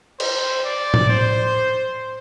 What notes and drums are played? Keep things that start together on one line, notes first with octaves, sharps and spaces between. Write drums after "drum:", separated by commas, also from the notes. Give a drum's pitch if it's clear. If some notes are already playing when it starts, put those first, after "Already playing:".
C5, drum: cymbal
D5
drum: tom A2
C5